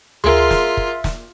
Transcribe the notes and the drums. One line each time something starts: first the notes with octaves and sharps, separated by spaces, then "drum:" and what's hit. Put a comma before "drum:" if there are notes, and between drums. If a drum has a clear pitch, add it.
F4 G#4 A#4 E5 C6, drum: tom D2
drum: snare
drum: kick
drum: snare